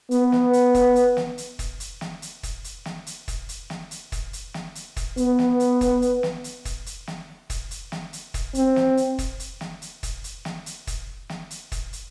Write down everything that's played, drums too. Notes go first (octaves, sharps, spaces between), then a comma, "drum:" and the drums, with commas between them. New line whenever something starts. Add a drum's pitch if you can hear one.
B3, drum: hi-hat
drum: snare
drum: hi-hat
drum: kick, hi-hat
drum: hi-hat
drum: snare
drum: hi-hat
drum: kick, hi-hat
drum: hi-hat
drum: snare
drum: hi-hat
drum: kick, hi-hat
drum: hi-hat
drum: snare
drum: hi-hat
drum: kick, hi-hat
drum: hi-hat
drum: snare
drum: hi-hat
drum: kick, hi-hat
drum: hi-hat
drum: snare
drum: hi-hat
drum: kick, hi-hat
B3, drum: hi-hat
drum: snare
drum: hi-hat
drum: kick, hi-hat
drum: hi-hat
drum: snare
drum: hi-hat
drum: kick, hi-hat
drum: hi-hat
drum: snare
drum: kick, hi-hat
drum: hi-hat
drum: snare
drum: hi-hat
drum: kick, hi-hat
C4, drum: hi-hat
drum: snare
drum: hi-hat
drum: kick, hi-hat
drum: hi-hat
drum: snare
drum: hi-hat
drum: kick, hi-hat
drum: hi-hat
drum: snare
drum: hi-hat
drum: kick, hi-hat
drum: snare
drum: hi-hat
drum: kick, hi-hat
drum: hi-hat